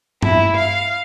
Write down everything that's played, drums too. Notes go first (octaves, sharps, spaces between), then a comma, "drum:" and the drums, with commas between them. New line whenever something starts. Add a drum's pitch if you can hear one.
E4, drum: tom G2
F5